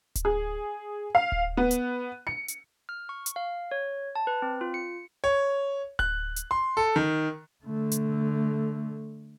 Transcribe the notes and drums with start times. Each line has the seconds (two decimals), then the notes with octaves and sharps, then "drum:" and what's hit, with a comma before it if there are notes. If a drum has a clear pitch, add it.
0.15 drum: kick D1, hi-hat
0.25 G#4
1.15 F5
1.32 drum: kick D1
1.57 B3
1.71 drum: hi-hat
2.27 C#7
2.48 drum: hi-hat
2.89 F6
3.09 C#6
3.26 drum: hi-hat
3.36 F5
3.71 C#5
4.15 A5
4.27 B4
4.42 C4
4.61 F4
4.74 C#7
5.24 C#5
5.99 F#6, drum: kick D1
6.36 drum: hi-hat
6.51 C6
6.77 A4
6.96 D#3
7.64 D3 A3
7.92 drum: hi-hat